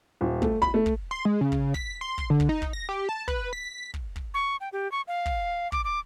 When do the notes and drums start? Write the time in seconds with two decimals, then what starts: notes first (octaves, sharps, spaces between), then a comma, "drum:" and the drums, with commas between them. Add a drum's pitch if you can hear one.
0.21 D#1
0.42 A3, drum: kick
0.62 B5, drum: kick
0.74 A3
0.86 drum: kick
1.11 C6
1.25 G#3
1.41 C#3
1.52 drum: kick
1.74 B6, drum: kick
2.01 C6
2.18 drum: kick
2.30 D3
2.40 drum: kick
2.49 D#4
2.62 drum: kick
2.73 A#6
2.89 G4
3.09 A5
3.28 B4, drum: kick
3.53 B6
3.94 drum: kick
4.16 drum: kick
4.34 C#6
4.61 G5
4.73 G4
4.92 C#6
5.08 F5
5.26 drum: kick
5.72 D6, drum: kick
5.84 D6